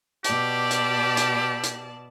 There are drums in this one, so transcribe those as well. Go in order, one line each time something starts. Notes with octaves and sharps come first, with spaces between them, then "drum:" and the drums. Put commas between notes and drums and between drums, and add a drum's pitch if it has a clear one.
B2 G4 D5 A5, drum: hi-hat
drum: hi-hat
drum: hi-hat
drum: hi-hat